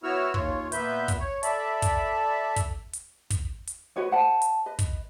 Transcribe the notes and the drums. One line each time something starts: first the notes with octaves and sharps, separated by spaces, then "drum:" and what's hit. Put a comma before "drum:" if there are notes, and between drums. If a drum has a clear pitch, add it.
B3 E4 F#4 C#5 E6 F6
D#2 F4 C#5, drum: kick
A#2 B3 B4 E5 G6, drum: hi-hat
drum: kick, hi-hat
C#5
A4 D5 E5 A5 B5, drum: hi-hat
drum: kick, hi-hat
drum: kick, hi-hat
drum: hi-hat
drum: kick, hi-hat
drum: hi-hat
F#4 B4 C#5 D#5
C5 F#5 A5
drum: hi-hat
B4 D#5
drum: kick, hi-hat